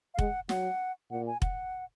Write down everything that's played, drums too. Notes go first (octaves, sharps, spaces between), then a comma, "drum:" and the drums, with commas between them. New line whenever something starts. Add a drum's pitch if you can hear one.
F5
G#3 F#5, drum: kick F1
F#3 F#5, drum: snare
A#2 F#5
G#5
F#5, drum: kick F1